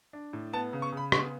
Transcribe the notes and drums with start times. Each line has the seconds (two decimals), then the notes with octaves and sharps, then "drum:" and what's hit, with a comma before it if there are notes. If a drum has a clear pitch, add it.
0.13 D4
0.33 A2
0.53 B3 A5
0.73 C#3
0.82 C#6
0.92 C#3 B5
1.12 B3 C#6, drum: rim click